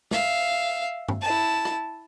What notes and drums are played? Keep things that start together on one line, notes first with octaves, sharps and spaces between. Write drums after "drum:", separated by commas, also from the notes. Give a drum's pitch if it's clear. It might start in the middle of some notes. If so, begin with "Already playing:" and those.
E5 F5, drum: snare
drum: tom G2
E4 A5
drum: rim click